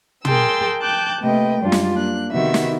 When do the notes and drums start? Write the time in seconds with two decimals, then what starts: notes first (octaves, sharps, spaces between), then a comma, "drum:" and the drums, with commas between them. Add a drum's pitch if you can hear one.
0.25 G#4 A#4 G5 A5 C6 E6, drum: tom
0.81 G5 A5 D6 F#6 G6
1.22 C3 A3 A#3 B4 D#5 G5
1.62 F#2 G3 G#3 D4 F4
1.72 drum: snare
1.96 A#3 D4 F#6
2.31 C3 D#3 B3 F#4 E5
2.54 drum: snare